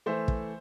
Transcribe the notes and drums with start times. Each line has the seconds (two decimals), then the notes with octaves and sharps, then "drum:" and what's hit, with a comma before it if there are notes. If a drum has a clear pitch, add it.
0.06 E3 A3 C5 E5
0.28 drum: kick